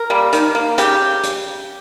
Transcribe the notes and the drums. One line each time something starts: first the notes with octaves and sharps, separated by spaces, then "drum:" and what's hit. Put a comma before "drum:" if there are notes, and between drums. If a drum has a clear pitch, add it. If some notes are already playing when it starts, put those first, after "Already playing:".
Already playing: A#4
G3 A#3
D#3, drum: hi-hat
A#3
C#3 G4, drum: hi-hat
drum: hi-hat